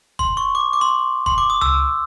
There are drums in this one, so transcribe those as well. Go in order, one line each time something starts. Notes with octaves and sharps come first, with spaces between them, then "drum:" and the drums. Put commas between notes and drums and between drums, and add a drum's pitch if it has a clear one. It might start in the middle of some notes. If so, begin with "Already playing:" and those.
C6, drum: kick
C#6
D6
D6
C6
C6, drum: kick
D6
D#6
E6, drum: tom C#2